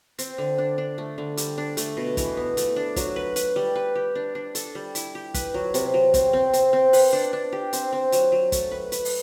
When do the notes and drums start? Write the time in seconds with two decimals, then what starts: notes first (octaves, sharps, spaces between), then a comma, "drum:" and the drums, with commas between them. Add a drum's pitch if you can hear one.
0.18 C4, drum: hi-hat
0.38 D3
0.58 D4
0.78 D4
0.98 A3
1.18 D3
1.37 G3, drum: hi-hat
1.58 D4
1.77 A3, drum: hi-hat
1.97 B2
2.17 E3, drum: kick, hi-hat
2.37 B3
2.57 A3, drum: hi-hat
2.76 D4
2.96 F#3, drum: kick, hi-hat
3.16 B4
3.36 B4, drum: hi-hat
3.56 G3
3.76 B4
3.95 G4
4.15 D4
4.35 D4
4.55 A4, drum: hi-hat
4.75 G3
4.95 E4, drum: hi-hat
5.15 G4
5.34 B4, drum: kick, hi-hat
5.54 F#3
5.74 C3, drum: hi-hat
5.94 F#3
6.14 C4, drum: kick, hi-hat
6.33 C4
6.53 C4, drum: hi-hat
6.73 C4
6.93 B4, drum: open hi-hat
7.13 D4
7.33 D4
7.52 G4
7.73 C4, drum: hi-hat
7.93 C4
8.12 F#3, drum: hi-hat
8.32 F#3
8.52 A3, drum: kick, hi-hat
8.71 B4
8.92 B4, drum: hi-hat
9.05 drum: open hi-hat